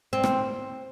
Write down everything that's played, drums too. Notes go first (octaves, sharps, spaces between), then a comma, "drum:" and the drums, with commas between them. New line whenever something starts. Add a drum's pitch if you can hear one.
C4
drum: rim click